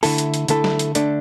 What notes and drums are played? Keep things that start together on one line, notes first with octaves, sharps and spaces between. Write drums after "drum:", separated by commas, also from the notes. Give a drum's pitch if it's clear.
D3 A3 E4 A4, drum: open hi-hat
drum: hi-hat
drum: hi-hat
D3 A3 E4 A4, drum: hi-hat
drum: snare
drum: hi-hat
D3 A3 D4, drum: hi-hat